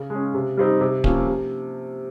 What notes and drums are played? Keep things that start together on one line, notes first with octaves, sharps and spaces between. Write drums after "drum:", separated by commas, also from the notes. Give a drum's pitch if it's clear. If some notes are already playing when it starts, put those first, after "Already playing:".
Already playing: C#3
G#3 C#4
C3
G3 C4 D#4
C3
F3 A#3 C#4, drum: kick D1
C3